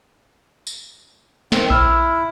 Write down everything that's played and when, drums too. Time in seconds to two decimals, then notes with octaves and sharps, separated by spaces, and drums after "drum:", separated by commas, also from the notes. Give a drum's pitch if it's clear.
0.67 drum: tambourine
1.52 D#3 C4, drum: snare
1.70 E4 E6 F6, drum: kick A#1